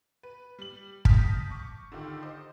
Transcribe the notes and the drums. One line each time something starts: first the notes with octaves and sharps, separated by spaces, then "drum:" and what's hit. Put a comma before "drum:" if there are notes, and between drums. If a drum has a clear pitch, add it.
B4
G3 F#7
A5 D#6 F6 G6 A#6 B6, drum: kick
C#6 D6
D3 D#3 F4 G4
C5 D#5